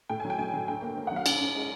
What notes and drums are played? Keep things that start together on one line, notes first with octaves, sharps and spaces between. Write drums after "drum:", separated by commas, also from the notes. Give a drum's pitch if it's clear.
A2 G5
G#5
F#3
G5
F#3 G#5
F#3
D2 G5
A#3
A#3
F#5
F#3 F5
F#2, drum: cymbal
F#2
G#3